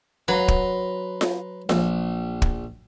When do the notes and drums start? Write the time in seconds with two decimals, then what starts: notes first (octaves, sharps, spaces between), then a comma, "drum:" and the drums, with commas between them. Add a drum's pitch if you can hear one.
0.28 F#3 B4 A#5 C6
0.48 drum: kick
1.21 drum: snare F4
1.69 A#1, drum: snare F4
2.42 drum: kick